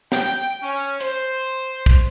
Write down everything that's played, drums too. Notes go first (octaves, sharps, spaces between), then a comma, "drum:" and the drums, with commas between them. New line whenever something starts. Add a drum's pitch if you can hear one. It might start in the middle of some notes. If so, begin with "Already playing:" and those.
G5, drum: snare
C#4
C5, drum: hi-hat
drum: kick